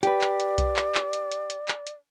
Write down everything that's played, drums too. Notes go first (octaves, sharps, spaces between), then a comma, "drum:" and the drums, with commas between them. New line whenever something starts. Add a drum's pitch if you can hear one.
G4 B4 D5, drum: hi-hat
drum: clap
drum: hi-hat
drum: kick B1, hi-hat
drum: clap
drum: clap
drum: hi-hat
drum: hi-hat
drum: hi-hat
drum: clap
drum: hi-hat